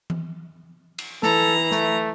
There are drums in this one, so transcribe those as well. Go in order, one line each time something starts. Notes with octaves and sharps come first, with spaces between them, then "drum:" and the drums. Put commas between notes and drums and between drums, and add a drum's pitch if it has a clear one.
drum: tom E3
drum: cymbal
E3 A4 A#5, drum: snare
A3, drum: snare